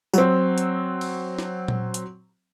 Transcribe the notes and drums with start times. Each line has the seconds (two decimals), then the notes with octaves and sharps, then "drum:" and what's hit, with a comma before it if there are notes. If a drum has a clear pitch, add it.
0.13 F#3 C4, drum: tambourine
0.58 drum: hi-hat
1.01 drum: cymbal
1.38 drum: snare
1.68 drum: tom A#2
1.94 drum: hi-hat